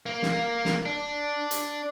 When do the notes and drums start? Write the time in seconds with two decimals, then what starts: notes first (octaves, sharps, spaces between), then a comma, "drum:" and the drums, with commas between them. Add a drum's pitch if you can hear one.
0.06 A#3
0.22 drum: snare
0.65 drum: snare
0.85 D4
1.51 drum: hi-hat